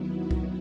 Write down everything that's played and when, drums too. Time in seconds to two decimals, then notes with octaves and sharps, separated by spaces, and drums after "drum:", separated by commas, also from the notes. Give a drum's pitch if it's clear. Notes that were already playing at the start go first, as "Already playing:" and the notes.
Already playing: D#2 D#3 F#3 B3 E4
0.11 F#4
0.31 drum: kick C2